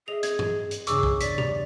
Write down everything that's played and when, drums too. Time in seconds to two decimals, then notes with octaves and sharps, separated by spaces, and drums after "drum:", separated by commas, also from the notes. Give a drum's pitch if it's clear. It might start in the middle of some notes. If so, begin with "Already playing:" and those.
0.08 G#4 D#5 E5 F7
0.23 C4 D#5 G#6, drum: hi-hat
0.39 drum: tom G2
0.71 drum: hi-hat
0.87 E2 G2 C#3 G#4 C#6 D6 E6, drum: hi-hat
1.03 drum: kick
1.21 D5 B6, drum: hi-hat
1.38 G4, drum: tom B2